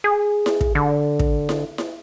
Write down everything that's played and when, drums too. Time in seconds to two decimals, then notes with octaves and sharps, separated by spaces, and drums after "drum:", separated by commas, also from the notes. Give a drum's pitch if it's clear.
0.04 G#4
0.46 drum: snare E4
0.61 drum: kick
0.75 D3
1.19 drum: kick
1.49 drum: snare E4
1.78 drum: snare E4